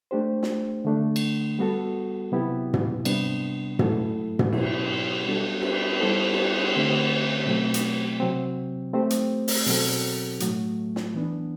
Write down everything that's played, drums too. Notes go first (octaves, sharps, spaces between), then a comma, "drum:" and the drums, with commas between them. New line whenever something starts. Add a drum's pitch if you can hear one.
A3 D4 G4 C5
drum: snare
D3 A3 D4
drum: cymbal
G3 B3 F#4 A4
C3 F#3 B3 E4 G4
drum: tom
C3 G3 B3 D4, drum: cymbal
F#3 A3 E4 A4, drum: tom
drum: tom
B2 F#3 B3 E4, drum: cymbal
G3 B3 D4 F#4 A4
drum: cymbal
G3 B3 E4 A4 C5
drum: cymbal
D3 A3 C4 G4 C5
B2 F#3 A3 C4
drum: hi-hat
C3 F#3 C4
A3 C4 G4 C5
drum: hi-hat
drum: open hi-hat
B2 F#3 C4 F#4 A4, drum: open hi-hat
A2 F#3 A3, drum: hi-hat
drum: snare
E3 B3 D4